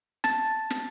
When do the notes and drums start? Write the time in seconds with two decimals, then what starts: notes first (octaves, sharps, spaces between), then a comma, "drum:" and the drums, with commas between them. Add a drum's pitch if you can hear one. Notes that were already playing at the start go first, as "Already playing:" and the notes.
0.24 A5, drum: snare
0.70 drum: snare